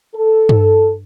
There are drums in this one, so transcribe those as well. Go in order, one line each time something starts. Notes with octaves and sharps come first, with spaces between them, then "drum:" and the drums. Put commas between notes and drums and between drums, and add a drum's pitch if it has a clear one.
A4
drum: tom G2